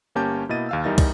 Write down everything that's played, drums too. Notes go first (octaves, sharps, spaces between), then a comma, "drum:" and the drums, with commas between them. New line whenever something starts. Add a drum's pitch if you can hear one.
G1 A#3 C#4 G4 A5 G6
B2 A#3 E4 D#5 A6 D#7
D#2 F5 E6
E2 G3 D#4 A#4 E5 A6
drum: kick, cymbal